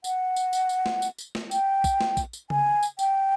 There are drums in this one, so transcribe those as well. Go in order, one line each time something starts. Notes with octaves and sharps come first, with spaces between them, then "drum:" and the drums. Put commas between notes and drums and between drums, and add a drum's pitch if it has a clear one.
F#5, drum: tambourine
drum: tambourine
drum: tambourine
drum: tambourine
drum: snare
drum: tambourine
drum: tambourine
drum: snare
G5, drum: tambourine
drum: kick, tambourine
drum: snare
drum: kick, tambourine
drum: tambourine
G#5, drum: tom C#3
drum: tambourine
G5, drum: tambourine